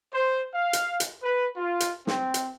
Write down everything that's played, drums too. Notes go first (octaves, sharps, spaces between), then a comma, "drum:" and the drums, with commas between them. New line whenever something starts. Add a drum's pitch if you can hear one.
C5
F5
drum: hi-hat
drum: hi-hat
B4
F4
drum: hi-hat
C4, drum: snare
drum: hi-hat